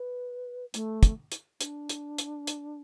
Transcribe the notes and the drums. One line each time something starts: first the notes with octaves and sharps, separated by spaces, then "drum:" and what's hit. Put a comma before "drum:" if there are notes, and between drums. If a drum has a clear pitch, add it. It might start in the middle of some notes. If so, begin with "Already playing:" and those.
Already playing: B4
A3, drum: hi-hat
drum: kick, hi-hat
drum: hi-hat
D4, drum: hi-hat
drum: hi-hat
drum: hi-hat
drum: hi-hat